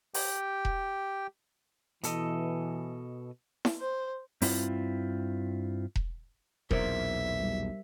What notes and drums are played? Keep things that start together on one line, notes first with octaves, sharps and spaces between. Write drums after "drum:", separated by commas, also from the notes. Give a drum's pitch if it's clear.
G4 G5, drum: open hi-hat
drum: kick E1
B2 E3 A4 D#5, drum: hi-hat
drum: snare E4
C5
G2 C4 E4 F4, drum: open hi-hat
drum: kick E1
B1 E2 A#2 A#4 C5 E5, drum: kick E1
G3